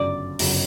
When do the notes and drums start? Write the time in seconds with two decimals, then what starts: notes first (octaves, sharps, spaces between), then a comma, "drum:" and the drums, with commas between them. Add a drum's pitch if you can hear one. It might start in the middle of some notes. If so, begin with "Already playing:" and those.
Already playing: G1 F#2 C#3 F#3 D5
0.39 G1 F#2 C#3 F#3, drum: open hi-hat